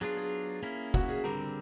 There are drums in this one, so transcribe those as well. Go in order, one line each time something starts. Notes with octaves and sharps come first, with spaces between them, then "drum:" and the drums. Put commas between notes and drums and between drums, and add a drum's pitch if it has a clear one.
F#3 B3 D4 F4 G#4
G#4
A#3 C#4 E4
F#4, drum: kick
G#4
D3 G3 C4 A#4